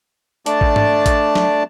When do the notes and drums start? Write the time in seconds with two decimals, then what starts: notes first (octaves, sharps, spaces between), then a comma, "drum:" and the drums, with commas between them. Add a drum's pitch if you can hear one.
0.46 A3 D4 D5 A5, drum: hi-hat
0.61 drum: kick A1
0.76 drum: tom G#2
1.06 drum: kick A1, hi-hat
1.35 drum: snare